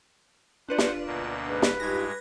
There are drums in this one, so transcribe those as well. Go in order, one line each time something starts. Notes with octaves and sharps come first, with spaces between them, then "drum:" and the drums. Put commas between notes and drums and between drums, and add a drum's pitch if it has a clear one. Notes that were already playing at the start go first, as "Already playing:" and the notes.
D4 F4 B4 C5 D5 F#5
drum: snare
D2 B2 A#3
G#2 B4
drum: snare
G2 G#3 D#4 F4 G4 G#6 A#6